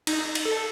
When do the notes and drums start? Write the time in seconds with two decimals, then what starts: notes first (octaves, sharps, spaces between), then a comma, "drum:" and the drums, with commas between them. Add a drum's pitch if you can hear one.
0.07 D#4, drum: cymbal
0.35 drum: cymbal
0.45 A4